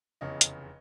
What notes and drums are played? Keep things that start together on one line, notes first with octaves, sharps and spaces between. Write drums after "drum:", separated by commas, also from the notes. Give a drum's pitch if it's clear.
F1 E2 C#3 C#5 D#5
drum: hi-hat